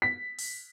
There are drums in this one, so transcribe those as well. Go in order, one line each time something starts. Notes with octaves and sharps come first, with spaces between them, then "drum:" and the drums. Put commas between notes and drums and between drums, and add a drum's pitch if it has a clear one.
B6
drum: open hi-hat